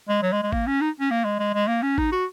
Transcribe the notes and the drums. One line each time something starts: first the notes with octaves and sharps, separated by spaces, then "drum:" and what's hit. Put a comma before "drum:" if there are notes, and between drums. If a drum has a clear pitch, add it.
G#3
F#3
G#3
G#3
A#3, drum: kick G#1
C#4
D#4
C#4
A#3
G#3
G#3
G#3
A#3
C#4
D#4, drum: kick G#1
F#4